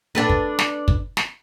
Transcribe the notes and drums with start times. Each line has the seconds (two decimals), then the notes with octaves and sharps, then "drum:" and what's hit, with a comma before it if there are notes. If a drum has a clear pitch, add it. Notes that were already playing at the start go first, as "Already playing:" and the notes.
0.15 D4 A4 B4
0.29 drum: kick
0.59 drum: snare
0.88 drum: kick
1.17 drum: snare